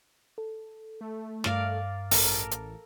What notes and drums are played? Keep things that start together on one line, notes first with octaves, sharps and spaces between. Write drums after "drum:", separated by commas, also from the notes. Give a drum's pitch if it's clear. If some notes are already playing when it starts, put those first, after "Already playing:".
A4
A3
G2 A#4 D5 F5 F6 A6, drum: snare
A1 A4 A#4 D6, drum: open hi-hat
drum: hi-hat